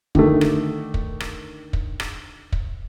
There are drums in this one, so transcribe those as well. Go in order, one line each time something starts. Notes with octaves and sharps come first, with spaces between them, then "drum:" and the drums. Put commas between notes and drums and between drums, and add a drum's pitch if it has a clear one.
D3 D#3 A3, drum: kick
drum: rim click
drum: kick
drum: rim click
drum: kick
drum: rim click
drum: kick